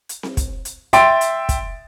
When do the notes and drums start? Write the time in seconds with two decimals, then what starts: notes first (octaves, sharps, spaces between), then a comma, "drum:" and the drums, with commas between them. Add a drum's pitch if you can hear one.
0.09 drum: hi-hat
0.23 drum: snare C4
0.37 drum: kick, hi-hat
0.65 drum: hi-hat
0.93 E5 G5 C6 A6 D7, drum: hi-hat
1.21 drum: hi-hat
1.49 drum: kick, hi-hat